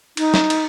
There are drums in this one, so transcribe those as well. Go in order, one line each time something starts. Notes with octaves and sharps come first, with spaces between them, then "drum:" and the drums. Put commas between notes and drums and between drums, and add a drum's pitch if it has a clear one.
D#4, drum: cymbal
drum: snare
drum: cymbal